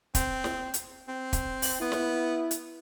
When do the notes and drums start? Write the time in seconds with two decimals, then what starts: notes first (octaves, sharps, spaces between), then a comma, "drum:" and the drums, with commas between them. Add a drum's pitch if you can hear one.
0.15 C4, drum: kick, hi-hat
0.44 drum: snare
0.74 drum: hi-hat
1.08 C4
1.33 drum: kick, hi-hat
1.62 drum: open hi-hat
1.81 B3 E4
1.92 drum: snare
2.51 drum: hi-hat